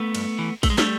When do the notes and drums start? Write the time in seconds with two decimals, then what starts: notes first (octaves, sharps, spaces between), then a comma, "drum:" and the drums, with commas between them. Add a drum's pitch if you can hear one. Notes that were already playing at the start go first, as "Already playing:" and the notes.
Already playing: A3 B3
0.15 G2, drum: cymbal
0.39 E3
0.63 G2 A3, drum: kick A#1, cymbal
0.70 G#3
0.78 G3 A3, drum: snare